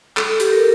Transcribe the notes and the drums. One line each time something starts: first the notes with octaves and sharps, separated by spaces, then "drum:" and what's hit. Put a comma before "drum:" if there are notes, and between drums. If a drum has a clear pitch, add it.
A4, drum: clap
A4
G4, drum: hi-hat
A#4